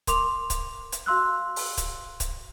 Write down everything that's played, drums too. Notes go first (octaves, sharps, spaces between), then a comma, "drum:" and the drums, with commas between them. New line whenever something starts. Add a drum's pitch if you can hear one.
A#4 C6 D6 F7, drum: kick C#1, hi-hat
drum: kick C#1, hi-hat
drum: hi-hat
F#4 F5 C6 E6 F#6
drum: open hi-hat
drum: kick C#1, hi-hat
drum: kick C#1, hi-hat